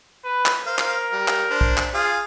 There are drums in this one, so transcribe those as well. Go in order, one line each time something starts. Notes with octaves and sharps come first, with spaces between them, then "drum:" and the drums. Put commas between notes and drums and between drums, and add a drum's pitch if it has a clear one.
B4
drum: clap
A#4 C5 F5
drum: clap
G3
drum: clap
D4 C5
drum: kick
drum: clap
F4 G#4 F5